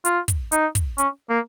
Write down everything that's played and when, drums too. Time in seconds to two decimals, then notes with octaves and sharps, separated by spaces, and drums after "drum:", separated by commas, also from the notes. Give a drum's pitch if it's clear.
0.05 F4, drum: hi-hat
0.28 drum: kick, hi-hat
0.52 D#4, drum: hi-hat
0.75 drum: kick, hi-hat
0.98 C#4, drum: hi-hat
1.29 A#3